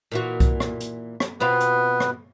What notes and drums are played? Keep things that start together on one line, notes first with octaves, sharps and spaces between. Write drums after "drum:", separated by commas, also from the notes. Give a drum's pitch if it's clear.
A#2 E3 F#4
drum: kick C2, hi-hat
drum: rim click
drum: hi-hat
drum: rim click
B2 B3 C4 F4 B4
drum: hi-hat
drum: rim click